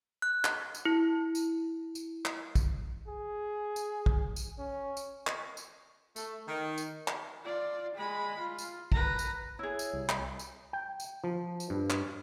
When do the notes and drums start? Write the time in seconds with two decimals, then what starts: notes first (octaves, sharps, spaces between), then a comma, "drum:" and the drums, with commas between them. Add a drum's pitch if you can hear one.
0.22 F#6
0.44 drum: clap
0.75 drum: tambourine
0.85 E4
1.35 drum: tambourine
1.95 drum: tambourine
2.25 drum: clap
2.55 drum: kick, tambourine
3.08 G#4
3.76 drum: tambourine
4.06 drum: kick
4.36 drum: tambourine
4.59 C#4
4.97 drum: tambourine
5.27 drum: clap
5.57 drum: tambourine
6.16 A3, drum: tambourine
6.47 D#3
6.78 drum: tambourine
7.08 drum: clap
7.44 F4 D5
7.95 G#3 B5
8.39 F4
8.58 drum: tambourine
8.92 B4 A#5, drum: kick
9.19 drum: tambourine
9.59 E4 G#4 C#5
9.79 drum: tambourine
9.93 C2
10.09 drum: clap
10.39 drum: tambourine
10.73 G5
11.00 drum: tambourine
11.24 F3
11.60 drum: tambourine
11.70 G2
11.90 drum: clap